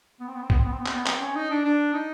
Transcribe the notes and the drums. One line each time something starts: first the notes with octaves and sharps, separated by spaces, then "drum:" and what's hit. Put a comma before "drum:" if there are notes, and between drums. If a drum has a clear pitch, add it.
B3
C4
B3
C4
B3, drum: kick B1
C4
B3
C4
B3
C4, drum: clap
B3
C4, drum: clap
C#4
D#4
D4
D4
D#4